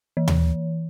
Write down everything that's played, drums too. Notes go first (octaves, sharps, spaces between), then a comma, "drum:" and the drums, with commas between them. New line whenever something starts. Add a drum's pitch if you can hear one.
E3
drum: tom D#2